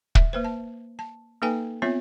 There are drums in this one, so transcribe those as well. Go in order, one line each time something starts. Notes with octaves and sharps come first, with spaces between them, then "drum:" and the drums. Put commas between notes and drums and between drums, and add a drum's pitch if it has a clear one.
E5, drum: kick
A#3 B4 C5
A5
A5
A#3 D#4 A4 B4 G5 G#5
B3 C4 F4 C#5 E5